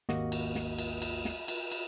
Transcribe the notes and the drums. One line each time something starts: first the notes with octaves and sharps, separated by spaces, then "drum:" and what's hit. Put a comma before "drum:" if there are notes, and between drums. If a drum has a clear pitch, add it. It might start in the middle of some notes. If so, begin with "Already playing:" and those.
G#1 D#2 A#3 F#4 D#5, drum: snare
drum: cymbal
drum: snare
drum: cymbal
drum: cymbal
drum: snare
drum: cymbal
drum: cymbal